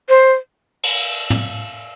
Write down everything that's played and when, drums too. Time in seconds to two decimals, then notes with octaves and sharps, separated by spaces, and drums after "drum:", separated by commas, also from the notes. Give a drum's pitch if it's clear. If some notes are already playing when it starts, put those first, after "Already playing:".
0.09 C5
0.83 drum: cymbal
1.30 drum: tom